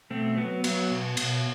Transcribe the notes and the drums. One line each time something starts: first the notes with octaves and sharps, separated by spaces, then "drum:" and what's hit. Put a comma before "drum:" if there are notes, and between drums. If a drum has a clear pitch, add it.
B2 A3 C4
F#3 B3
F#3 B3, drum: cymbal
B2
B2, drum: cymbal